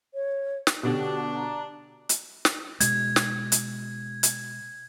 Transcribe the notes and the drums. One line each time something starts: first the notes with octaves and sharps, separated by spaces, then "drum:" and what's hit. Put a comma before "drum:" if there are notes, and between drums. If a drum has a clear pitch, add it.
C#5
drum: snare
B2 D3 D4 G4
A#5
drum: hi-hat
drum: snare
B2 G#3 G#6, drum: hi-hat
drum: snare
drum: hi-hat
drum: hi-hat